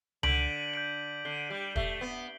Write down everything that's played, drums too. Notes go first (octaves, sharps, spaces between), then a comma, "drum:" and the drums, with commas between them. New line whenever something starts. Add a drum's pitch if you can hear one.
D3 G6 B6 D7 F#7, drum: tom C#2
G6 B6 D7 F#7
D3 G6 C7 G7
G3
A3 G6 C7 G7, drum: kick
B3